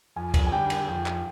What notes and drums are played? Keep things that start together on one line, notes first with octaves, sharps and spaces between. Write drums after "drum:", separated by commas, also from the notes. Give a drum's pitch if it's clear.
F2 G#5
drum: kick, cymbal
G#5
D3 G3 G5
drum: cymbal
F2 G5
drum: clap